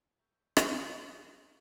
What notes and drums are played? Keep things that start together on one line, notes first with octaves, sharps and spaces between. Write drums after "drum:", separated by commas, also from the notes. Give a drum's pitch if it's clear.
F4 E5 A#5 C#6 E6 G6
drum: rim click